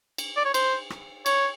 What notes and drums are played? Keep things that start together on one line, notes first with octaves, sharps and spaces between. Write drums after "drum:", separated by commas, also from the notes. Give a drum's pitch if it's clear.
drum: cymbal
D5
C#5
C5, drum: cymbal
drum: rim click
C#5, drum: cymbal